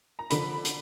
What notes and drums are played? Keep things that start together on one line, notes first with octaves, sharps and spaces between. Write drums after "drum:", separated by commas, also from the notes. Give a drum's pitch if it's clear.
A#5
D3 F3 B5, drum: hi-hat
drum: hi-hat